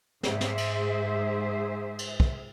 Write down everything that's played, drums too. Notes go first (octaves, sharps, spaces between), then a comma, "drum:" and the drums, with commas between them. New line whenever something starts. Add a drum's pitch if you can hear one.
G#2 G#4 C5 E5, drum: snare
drum: snare
drum: cymbal
drum: cymbal
drum: kick